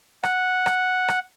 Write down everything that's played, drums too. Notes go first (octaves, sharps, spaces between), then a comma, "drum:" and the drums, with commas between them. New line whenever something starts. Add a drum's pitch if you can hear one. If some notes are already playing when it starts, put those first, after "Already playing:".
F#5, drum: rim click
drum: rim click
drum: rim click